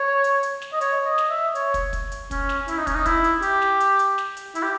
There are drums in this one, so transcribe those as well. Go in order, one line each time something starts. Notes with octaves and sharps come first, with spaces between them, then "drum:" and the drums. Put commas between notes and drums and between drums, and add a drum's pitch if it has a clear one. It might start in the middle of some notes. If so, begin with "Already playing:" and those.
Already playing: C#5
drum: hi-hat
drum: hi-hat
drum: snare
D#5
C#5, drum: hi-hat
D#5
drum: snare
E5
C#5, drum: hi-hat
drum: kick, hi-hat
drum: kick, hi-hat
drum: hi-hat
C#4, drum: kick, hi-hat
drum: snare
E4, drum: hi-hat
D#4
C#4, drum: kick, hi-hat
D#4
E4, drum: kick, hi-hat
drum: hi-hat
G4, drum: hi-hat
drum: snare
drum: hi-hat
drum: hi-hat
drum: snare
drum: hi-hat
E4, drum: hi-hat
G4